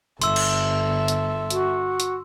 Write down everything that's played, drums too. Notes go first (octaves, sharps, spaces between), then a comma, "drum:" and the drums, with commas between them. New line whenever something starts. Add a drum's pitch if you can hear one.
G1 A4 E5 C6 E6, drum: hi-hat
drum: cymbal
drum: hi-hat
F#4, drum: hi-hat
drum: hi-hat